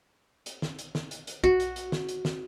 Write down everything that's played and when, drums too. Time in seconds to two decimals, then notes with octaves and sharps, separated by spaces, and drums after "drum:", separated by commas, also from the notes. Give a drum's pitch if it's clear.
0.46 drum: hi-hat
0.62 drum: snare
0.79 drum: hi-hat
0.95 drum: snare
1.11 drum: hi-hat
1.27 drum: hi-hat
1.44 F#4, drum: kick
1.60 drum: hi-hat
1.76 drum: hi-hat
1.92 drum: snare
2.09 drum: hi-hat
2.25 drum: snare